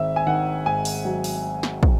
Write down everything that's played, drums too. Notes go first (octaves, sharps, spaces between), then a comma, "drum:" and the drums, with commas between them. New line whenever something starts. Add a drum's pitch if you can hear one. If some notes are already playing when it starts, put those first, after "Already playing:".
Already playing: G#1 E5
G#5
D#3 F#5
G#2 G#5
drum: open hi-hat
F#3
drum: open hi-hat
drum: snare
drum: kick